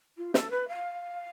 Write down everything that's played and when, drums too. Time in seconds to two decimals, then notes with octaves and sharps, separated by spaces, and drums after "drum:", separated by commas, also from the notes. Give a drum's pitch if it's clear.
0.17 F4
0.34 A4, drum: snare
0.50 B4
0.68 F5